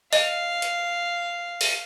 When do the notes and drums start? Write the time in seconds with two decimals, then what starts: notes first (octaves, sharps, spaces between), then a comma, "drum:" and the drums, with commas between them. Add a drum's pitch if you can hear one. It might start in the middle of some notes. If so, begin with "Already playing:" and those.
0.13 D#5 F5, drum: open hi-hat
0.62 drum: hi-hat
1.61 drum: open hi-hat